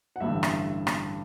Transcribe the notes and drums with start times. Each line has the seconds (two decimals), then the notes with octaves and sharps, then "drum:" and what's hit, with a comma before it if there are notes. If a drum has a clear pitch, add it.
0.16 F#5
0.20 A1 G2 D3 E5
0.43 drum: rim click
0.87 drum: rim click